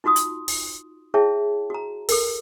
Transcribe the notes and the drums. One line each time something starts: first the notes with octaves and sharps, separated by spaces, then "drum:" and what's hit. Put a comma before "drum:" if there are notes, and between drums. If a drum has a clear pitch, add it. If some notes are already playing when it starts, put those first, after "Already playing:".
D#4 F4 F#4 C6 D#6
drum: hi-hat
drum: open hi-hat
E4 G#4 C#5 E5 G5 A5
F#4 A#5
A4 A#4, drum: open hi-hat